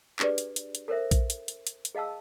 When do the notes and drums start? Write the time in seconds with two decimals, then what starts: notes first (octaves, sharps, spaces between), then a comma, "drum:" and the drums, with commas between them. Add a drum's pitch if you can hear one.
0.19 D4 G4 G#4 B4 D5, drum: clap
0.38 drum: hi-hat
0.56 drum: hi-hat
0.75 drum: hi-hat
0.88 A4 A#4 C5 E5
1.11 drum: kick A#1, hi-hat
1.30 drum: hi-hat
1.48 drum: hi-hat
1.67 drum: hi-hat
1.85 drum: hi-hat
1.95 G#4 D#5 F5 A5 E6